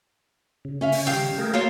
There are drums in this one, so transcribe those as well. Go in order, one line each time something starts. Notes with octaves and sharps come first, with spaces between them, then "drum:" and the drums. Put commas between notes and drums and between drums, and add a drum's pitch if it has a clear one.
C#3
C#4 E5 F5
drum: open hi-hat
D#3 G3 G4 F5 G5
A3 G#4 A#4
A#3 F4 F#4 C#5 F5 A5